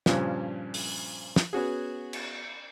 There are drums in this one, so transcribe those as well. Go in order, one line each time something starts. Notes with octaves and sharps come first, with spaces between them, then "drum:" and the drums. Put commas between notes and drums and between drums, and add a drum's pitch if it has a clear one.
G2 A#2 C#3 F3, drum: snare
drum: open hi-hat
drum: snare
B3 C#4 F#4 G#4
drum: cymbal